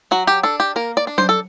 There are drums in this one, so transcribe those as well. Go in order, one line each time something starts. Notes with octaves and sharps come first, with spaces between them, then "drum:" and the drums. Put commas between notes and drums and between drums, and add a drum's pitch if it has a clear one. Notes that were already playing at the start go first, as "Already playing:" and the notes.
F#3 F#4
G4
D4 A4
G4
A#3 A#4
D5
D4
C5, drum: tom F#3
A4